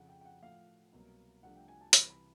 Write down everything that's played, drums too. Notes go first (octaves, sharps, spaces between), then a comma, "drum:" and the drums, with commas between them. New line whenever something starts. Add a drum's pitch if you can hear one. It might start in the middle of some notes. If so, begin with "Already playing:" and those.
Already playing: F2 C#3 F3 F#5
G5
G5
F#5
A2 F3 A3 F5
C2 B2 F#3 A#3
C2 C3 F3 A3 D4 F#5
G5
G#5
A5
C2 C3 E3 B5, drum: hi-hat
B5